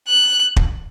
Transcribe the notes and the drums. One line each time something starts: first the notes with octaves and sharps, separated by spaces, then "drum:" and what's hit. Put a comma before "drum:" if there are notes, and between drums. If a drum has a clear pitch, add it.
F#6
drum: kick